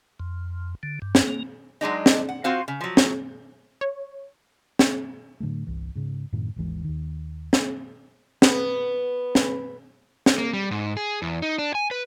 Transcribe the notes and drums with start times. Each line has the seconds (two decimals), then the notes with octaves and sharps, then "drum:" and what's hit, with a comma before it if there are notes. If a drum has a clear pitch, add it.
0.20 F2
0.83 D3
1.02 G2
1.15 drum: snare
1.27 A#3
1.81 F#3 G#3 D4 D#4
2.06 drum: snare
2.29 F#5
2.44 C4 F4 F#4 C5 F5
2.68 C#3
2.81 F3 F#3
2.97 drum: snare
3.81 C#5
4.79 drum: snare
5.40 A2 D3 F#3 A3
5.67 G1 C2 E3
5.95 G#2 C#3
6.32 F#2 A2 C3 D#3
6.56 G#1 D#2 E3 G#3
6.85 D#2 D#3
7.53 drum: snare
8.42 B3, drum: snare
9.35 drum: snare
10.26 drum: snare
10.38 A#3
10.53 G3
10.71 G#2
10.97 G#4
11.22 E2
11.42 D#4
11.59 D4
11.75 G#5
11.91 B4